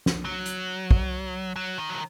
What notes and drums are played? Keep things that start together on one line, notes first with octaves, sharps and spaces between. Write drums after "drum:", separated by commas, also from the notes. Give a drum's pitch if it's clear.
drum: snare
F#3
drum: hi-hat
drum: kick
F#3
D#3
F#3